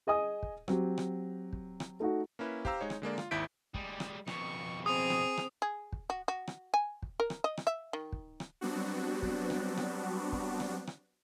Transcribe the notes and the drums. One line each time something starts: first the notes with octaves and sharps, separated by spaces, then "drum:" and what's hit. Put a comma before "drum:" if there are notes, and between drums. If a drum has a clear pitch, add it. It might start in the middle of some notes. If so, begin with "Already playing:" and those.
G#4 D#5 G#5 D#6
drum: kick
F#3 C4 G4, drum: rim click
drum: rim click
drum: kick
drum: rim click
A3 D#4 F#4
A#3 C#4 E4 B4
G4 C5 F5 A#5 E6, drum: kick
G#3 D#4 C#5
drum: rim click
D3 G#3 A#3 D5
F4, drum: rim click
G#1 D#2 E4 G6 B6 D7
G3 G#3, drum: kick
drum: rim click
F2 B2 C#6, drum: rim click
C4 G#4 D#6
drum: rim click
drum: rim click
G#4
drum: kick
F#4
F#4
drum: rim click
G#5
drum: kick
A#4
drum: rim click
D#5
drum: rim click
E5
D#3
drum: kick
drum: rim click
F#3 G3 B3 C4 D4 F#4
drum: kick
drum: rim click
drum: rim click
drum: kick
drum: rim click
drum: rim click